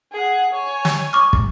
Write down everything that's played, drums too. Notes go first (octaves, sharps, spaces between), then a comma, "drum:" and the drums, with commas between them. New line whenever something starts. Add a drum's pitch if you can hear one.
G#4 F#5
C#5 G#5
drum: snare
C#6 D6 F6
drum: kick